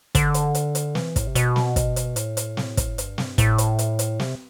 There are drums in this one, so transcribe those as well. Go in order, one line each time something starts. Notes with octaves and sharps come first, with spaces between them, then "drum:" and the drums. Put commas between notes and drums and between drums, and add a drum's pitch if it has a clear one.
D3, drum: kick, hi-hat
drum: hi-hat
drum: hi-hat
drum: hi-hat
E3, drum: snare
A2, drum: kick, hi-hat
C3
B2, drum: hi-hat
drum: snare
drum: kick, hi-hat
drum: hi-hat
A2, drum: hi-hat
drum: hi-hat
drum: snare
drum: kick, hi-hat
G2, drum: hi-hat
drum: snare
A2, drum: kick, hi-hat
drum: hi-hat
drum: hi-hat
drum: hi-hat
C3, drum: snare